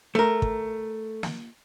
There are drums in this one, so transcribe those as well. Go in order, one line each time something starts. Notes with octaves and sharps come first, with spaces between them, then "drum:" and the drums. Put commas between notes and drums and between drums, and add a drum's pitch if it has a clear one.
A3 A#4
drum: kick
drum: snare